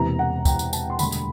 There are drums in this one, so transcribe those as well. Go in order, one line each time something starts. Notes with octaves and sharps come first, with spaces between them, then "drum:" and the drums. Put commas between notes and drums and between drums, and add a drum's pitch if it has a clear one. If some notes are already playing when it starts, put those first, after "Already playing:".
Already playing: E1 E2 C3 E3 A#5
F#5
G5, drum: kick, tambourine
drum: tambourine
A5, drum: tambourine
C6
E1 D2 D3 G3 B5, drum: tambourine
drum: tambourine